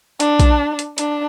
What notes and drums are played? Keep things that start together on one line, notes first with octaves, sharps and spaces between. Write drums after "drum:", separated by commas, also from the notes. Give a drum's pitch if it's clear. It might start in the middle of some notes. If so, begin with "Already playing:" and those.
D4, drum: hi-hat
drum: kick A#1, hi-hat
drum: hi-hat
D4, drum: hi-hat